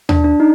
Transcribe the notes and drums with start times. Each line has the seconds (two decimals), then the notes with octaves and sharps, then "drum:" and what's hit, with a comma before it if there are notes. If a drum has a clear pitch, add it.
0.09 D4, drum: tom D#2
0.24 D4
0.40 D#4